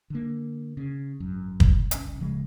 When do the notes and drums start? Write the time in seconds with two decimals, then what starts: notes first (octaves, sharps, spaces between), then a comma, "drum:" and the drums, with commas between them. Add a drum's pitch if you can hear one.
0.10 D3 A#3
0.77 C#3
1.20 G#1 F#2
1.60 drum: kick
1.91 F#1 C2 C#4, drum: hi-hat
2.20 D1 C#3 F3 G#3